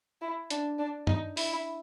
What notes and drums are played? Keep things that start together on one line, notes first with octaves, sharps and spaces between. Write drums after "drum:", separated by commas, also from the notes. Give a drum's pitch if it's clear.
E4
D4, drum: hi-hat
D4
D#4, drum: tom
E4, drum: open hi-hat